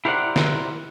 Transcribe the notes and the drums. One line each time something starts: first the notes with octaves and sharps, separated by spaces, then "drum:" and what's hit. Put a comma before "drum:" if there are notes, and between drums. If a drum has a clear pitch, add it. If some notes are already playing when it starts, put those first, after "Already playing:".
E4 G4 A#4 C5 D5 F#5
drum: snare